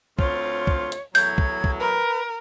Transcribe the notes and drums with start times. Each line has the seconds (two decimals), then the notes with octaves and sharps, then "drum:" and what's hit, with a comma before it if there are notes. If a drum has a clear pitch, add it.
0.19 D2 C4 F4 C#5, drum: kick
0.67 drum: kick
0.92 drum: hi-hat
1.15 E2 A2 F#3 G6 G#6, drum: open hi-hat
1.38 drum: kick
1.64 drum: kick
1.80 A#4 B4